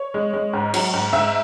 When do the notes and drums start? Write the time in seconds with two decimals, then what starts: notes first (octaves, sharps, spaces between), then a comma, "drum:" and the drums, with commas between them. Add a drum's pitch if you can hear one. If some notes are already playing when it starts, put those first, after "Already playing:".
Already playing: C#5
0.14 G#3
0.33 G#3
0.53 G#2
0.74 F#3, drum: cymbal
0.94 G#2
1.13 G#2 E5